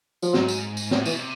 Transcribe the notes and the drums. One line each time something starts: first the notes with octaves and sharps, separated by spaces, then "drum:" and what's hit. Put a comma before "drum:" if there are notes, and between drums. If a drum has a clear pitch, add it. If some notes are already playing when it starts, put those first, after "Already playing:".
F3, drum: tambourine
G#2 F#3, drum: snare
drum: tambourine
drum: tambourine
A2, drum: snare
B2 E3, drum: tambourine
C3